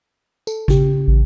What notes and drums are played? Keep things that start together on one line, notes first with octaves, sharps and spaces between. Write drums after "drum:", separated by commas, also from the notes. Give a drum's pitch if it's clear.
A4, drum: tambourine
C#3 G4, drum: kick G#1
A1